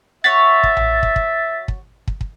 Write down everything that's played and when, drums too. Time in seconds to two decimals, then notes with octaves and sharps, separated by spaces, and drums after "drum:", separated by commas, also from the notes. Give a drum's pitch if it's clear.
0.24 F#4 C#5 E5 A6 B6
0.63 drum: kick
0.77 drum: tom A#1
1.03 drum: kick
1.16 drum: kick
1.68 drum: kick
2.08 drum: kick
2.21 drum: kick